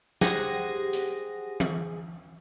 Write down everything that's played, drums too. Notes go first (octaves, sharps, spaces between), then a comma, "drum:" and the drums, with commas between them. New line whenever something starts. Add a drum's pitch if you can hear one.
G4 G#4 C5 F#5 A#6, drum: snare
drum: hi-hat
drum: tom E3